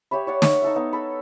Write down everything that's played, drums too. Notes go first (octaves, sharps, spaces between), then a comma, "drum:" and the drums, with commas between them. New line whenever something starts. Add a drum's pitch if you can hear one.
G4 C#5 E5 B5
C#5 D5 F#5
C#6, drum: snare
D#4 A4 E5
B3 D#4
A4 B5